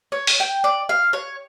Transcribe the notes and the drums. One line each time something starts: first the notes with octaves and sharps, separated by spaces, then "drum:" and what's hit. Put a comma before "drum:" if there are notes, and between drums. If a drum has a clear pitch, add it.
C#5
drum: open hi-hat
G5
D5
F5
C#5